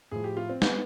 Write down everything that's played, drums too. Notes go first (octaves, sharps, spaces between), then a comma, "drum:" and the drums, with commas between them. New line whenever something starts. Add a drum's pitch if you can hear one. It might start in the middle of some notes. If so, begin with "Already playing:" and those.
A2 F3 G#4
G4
F4
C4
B3, drum: snare